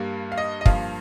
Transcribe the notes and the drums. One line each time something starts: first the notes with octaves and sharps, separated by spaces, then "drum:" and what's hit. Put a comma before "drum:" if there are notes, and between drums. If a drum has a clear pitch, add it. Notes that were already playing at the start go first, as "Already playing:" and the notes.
Already playing: G2 G3 A#3
F5
D#5
D#5
G2 F3 A#3 F5, drum: kick